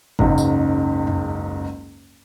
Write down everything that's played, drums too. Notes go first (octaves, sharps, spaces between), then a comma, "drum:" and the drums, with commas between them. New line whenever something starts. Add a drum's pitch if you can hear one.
F#1 C#2 G#2, drum: kick
drum: tambourine
drum: tom E2